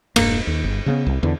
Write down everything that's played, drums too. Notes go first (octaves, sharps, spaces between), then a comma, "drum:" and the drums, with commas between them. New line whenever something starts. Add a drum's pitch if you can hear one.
E1 G2 A#3, drum: cymbal
D#2
G1
C#3 A3 B3
C2
E2 D3